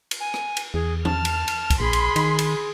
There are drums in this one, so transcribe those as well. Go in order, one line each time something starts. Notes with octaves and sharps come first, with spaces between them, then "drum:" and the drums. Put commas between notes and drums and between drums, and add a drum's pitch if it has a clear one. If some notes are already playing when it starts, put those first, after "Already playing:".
drum: cymbal
G#5
drum: rim click
drum: cymbal
E2 G#4
A5 F6, drum: tom E3
drum: cymbal
drum: cymbal
drum: kick, cymbal
A#1 G#4 B5 C6
drum: cymbal
D#3, drum: cymbal
drum: cymbal